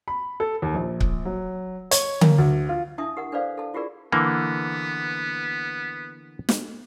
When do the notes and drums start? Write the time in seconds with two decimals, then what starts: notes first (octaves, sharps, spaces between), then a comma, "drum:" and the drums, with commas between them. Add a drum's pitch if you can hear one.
0.08 B5
0.40 A4
0.62 D#2
0.75 A#1
1.01 drum: kick C#1
1.25 F#3
1.91 C#5, drum: hi-hat
2.21 A#3, drum: tom D3
2.38 D2
2.69 F4
2.98 D4 E4 E5 A5 D#6
3.17 G4 A#4 F#5
3.32 D4 A4 B4 C5 D5 F5
3.58 A4 A5
3.74 E4 F4 G4 G#4 A#4 D5
4.12 D3 E3 A#3 B3
6.49 drum: snare